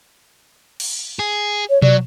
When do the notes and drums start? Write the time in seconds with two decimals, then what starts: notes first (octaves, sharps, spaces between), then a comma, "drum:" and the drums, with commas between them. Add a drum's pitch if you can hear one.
0.80 drum: cymbal
1.19 G#4
1.70 C#5
1.82 F#3 D5, drum: tom B2